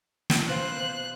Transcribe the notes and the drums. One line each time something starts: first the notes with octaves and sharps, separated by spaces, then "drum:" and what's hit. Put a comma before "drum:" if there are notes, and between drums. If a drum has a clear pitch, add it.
drum: snare
B2 B4 C5 F5 F#6